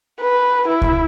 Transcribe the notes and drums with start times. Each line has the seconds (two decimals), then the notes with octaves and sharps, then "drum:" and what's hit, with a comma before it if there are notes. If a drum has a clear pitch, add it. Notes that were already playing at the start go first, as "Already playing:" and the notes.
0.20 B4
0.68 E4
0.82 drum: kick C#2